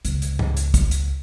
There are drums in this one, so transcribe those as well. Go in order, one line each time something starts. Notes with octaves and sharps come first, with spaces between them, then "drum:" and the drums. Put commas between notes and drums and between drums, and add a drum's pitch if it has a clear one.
C#2, drum: hi-hat
drum: hi-hat
drum: tom G#2
drum: hi-hat
drum: kick, hi-hat
drum: hi-hat